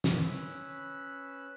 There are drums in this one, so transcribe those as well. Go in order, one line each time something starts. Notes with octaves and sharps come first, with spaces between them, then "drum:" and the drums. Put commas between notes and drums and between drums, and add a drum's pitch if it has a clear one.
drum: snare
C#4 B4 E6 F#6